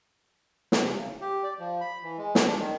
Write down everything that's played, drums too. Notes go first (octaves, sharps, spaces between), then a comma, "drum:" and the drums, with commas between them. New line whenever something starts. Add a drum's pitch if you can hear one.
drum: snare
C3
C#3
G4
D5
F3
B5
E3
G#3
drum: snare
D4
D#3